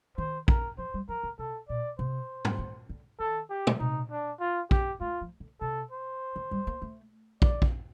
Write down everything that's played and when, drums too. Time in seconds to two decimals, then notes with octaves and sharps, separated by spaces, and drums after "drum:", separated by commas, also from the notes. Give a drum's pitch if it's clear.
0.18 D#3 C5
0.48 A#4, drum: kick
0.78 F3 C5
0.94 G3
1.08 F3 A#4
1.23 D3
1.39 C3 A4
1.69 A#2 D5
1.99 C3 C5
2.45 drum: tom
2.59 D3
2.89 D3
3.19 D#3 A4
3.50 G4
3.67 drum: tom
3.80 C3 D#4
4.10 D4
4.40 F4
4.71 G4, drum: kick
5.01 A3 F4
5.21 F3
5.40 D3
5.61 C3 A4
5.91 C5
6.36 D#3
6.51 G3
6.67 A#3
6.82 A3
7.42 G3 D5, drum: kick
7.62 A3, drum: kick